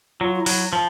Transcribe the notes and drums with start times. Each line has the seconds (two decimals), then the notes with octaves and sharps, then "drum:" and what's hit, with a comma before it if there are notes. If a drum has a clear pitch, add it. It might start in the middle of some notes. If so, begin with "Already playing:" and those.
0.21 F#3 F4
0.35 F4
0.40 E4
0.46 F#3, drum: open hi-hat
0.73 F3